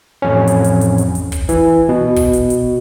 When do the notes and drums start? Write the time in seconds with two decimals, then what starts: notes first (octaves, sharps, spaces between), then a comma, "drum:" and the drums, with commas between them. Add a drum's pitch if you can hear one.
0.22 A1 F2 C#4
0.47 drum: hi-hat
0.64 drum: hi-hat
0.81 drum: hi-hat
0.98 drum: hi-hat
1.15 drum: hi-hat
1.32 drum: kick, hi-hat
1.49 E3, drum: hi-hat
1.89 B2
2.16 drum: kick, open hi-hat
2.33 drum: hi-hat
2.50 drum: hi-hat